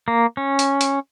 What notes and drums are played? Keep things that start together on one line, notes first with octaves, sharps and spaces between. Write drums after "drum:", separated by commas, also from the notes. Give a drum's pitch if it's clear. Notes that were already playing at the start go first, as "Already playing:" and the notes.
A#3
C#4
drum: hi-hat
drum: hi-hat